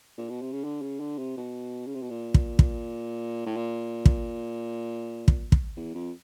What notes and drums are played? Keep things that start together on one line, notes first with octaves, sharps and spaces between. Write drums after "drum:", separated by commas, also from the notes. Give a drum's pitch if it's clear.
A#2
B2
C3
C#3
D3
C#3
D3
C3
B2
C#3
C3
B2
A#2
drum: kick
drum: kick
A2
A#2
drum: kick
drum: kick
drum: kick
E2
F2